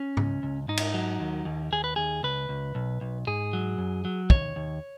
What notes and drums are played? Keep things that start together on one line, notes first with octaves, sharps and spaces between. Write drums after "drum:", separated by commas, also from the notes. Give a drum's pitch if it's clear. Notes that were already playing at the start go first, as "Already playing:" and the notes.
Already playing: C#4
C#2, drum: tom G#2
C#2
G#2 D#4
drum: cymbal
F#3
D#2
D#2
D#2 G#4
B4
D#2 G#4
C#2 B4
C#2
B1
B1
G#2 G#4
F#3
F#2
F#3
D#2 C#5, drum: kick
D#2